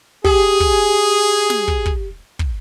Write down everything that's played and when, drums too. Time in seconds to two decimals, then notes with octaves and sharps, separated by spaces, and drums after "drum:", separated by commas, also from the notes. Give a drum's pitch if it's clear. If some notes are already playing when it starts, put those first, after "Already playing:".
0.24 G4 G#4, drum: kick
0.60 drum: kick
1.50 drum: snare
1.68 drum: kick
1.86 drum: kick
2.39 drum: kick